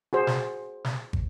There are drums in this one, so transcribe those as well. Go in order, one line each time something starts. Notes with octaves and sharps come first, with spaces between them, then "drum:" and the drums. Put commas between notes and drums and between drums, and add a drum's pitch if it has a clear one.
F#4 G#4 C5
drum: snare
drum: snare
drum: kick